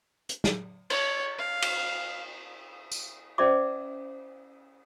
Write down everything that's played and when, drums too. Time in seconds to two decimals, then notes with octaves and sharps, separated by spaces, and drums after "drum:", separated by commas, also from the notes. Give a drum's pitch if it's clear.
0.29 drum: hi-hat
0.44 drum: snare
0.90 C#5, drum: cymbal
1.39 F5
1.62 drum: cymbal
2.92 drum: tambourine
3.38 C#4 C5 D5 E5 D6